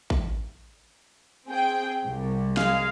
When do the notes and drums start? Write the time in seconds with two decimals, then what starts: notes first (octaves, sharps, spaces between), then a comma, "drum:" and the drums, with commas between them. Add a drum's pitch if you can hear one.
0.10 drum: kick A1
1.47 C4 G#4 G5
2.06 C2
2.57 G#3 G#4 F5, drum: snare